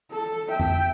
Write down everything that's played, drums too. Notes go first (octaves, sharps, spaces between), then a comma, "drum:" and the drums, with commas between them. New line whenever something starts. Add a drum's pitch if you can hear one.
A4
E5 G5
drum: tom F2